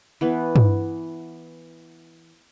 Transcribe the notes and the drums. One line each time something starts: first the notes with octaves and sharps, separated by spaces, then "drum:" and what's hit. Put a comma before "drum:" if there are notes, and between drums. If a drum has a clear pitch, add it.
E3 B3
drum: tom